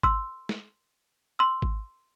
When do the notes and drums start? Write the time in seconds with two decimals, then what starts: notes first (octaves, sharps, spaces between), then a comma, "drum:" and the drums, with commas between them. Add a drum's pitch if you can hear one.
0.03 C6 E6, drum: kick G#1
0.49 drum: snare
1.39 C6 E6
1.62 drum: kick G#1